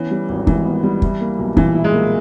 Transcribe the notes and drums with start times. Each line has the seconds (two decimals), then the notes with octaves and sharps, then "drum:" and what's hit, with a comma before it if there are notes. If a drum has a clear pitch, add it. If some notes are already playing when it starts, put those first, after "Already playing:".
Already playing: E3 B3 C#4
0.11 G3
0.29 G#1
0.47 G#2 E3, drum: kick
0.66 B3
0.84 G3
1.02 E4, drum: kick
1.21 A#3
1.38 B1
1.57 A#2 E3, drum: kick
1.75 E4
1.84 G#3
1.94 A#3